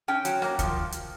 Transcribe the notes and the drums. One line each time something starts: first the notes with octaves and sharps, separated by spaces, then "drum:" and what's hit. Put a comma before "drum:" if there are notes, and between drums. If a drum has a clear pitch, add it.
C#4 G5
F#3, drum: hi-hat
A#3, drum: rim click
F3, drum: kick D2, hi-hat
drum: hi-hat